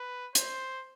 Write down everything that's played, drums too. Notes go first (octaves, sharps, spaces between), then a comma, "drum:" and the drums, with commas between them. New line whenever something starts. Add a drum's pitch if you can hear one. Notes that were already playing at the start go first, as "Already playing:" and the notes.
Already playing: B4
C5, drum: hi-hat